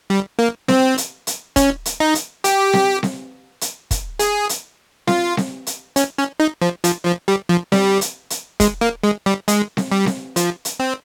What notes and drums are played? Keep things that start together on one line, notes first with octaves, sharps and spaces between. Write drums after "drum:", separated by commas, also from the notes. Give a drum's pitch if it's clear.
G3
A#3
C4, drum: snare C4
drum: hi-hat
drum: hi-hat
C#4, drum: kick, hi-hat
drum: hi-hat
D#4
drum: hi-hat
G4, drum: hi-hat
drum: snare C4
drum: snare C4
drum: hi-hat
drum: kick, hi-hat
G#4, drum: hi-hat
drum: hi-hat
F4, drum: snare C4
drum: snare C4
drum: hi-hat
C#4, drum: hi-hat
C#4
D#4
F3
F3, drum: hi-hat
F3
G3
F3
G3, drum: snare C4
drum: hi-hat
drum: hi-hat
G#3, drum: kick, hi-hat
A#3
G#3
G3
G#3, drum: hi-hat
drum: snare C4
G3
drum: snare C4
F3, drum: hi-hat
drum: hi-hat
C4